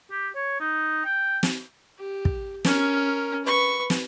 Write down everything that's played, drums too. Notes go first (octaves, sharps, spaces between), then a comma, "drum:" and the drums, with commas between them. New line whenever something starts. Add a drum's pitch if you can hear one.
G4
C#5
D#4
G5
drum: snare
G4
drum: kick
C#4 A#4, drum: snare
B4 C#6
drum: snare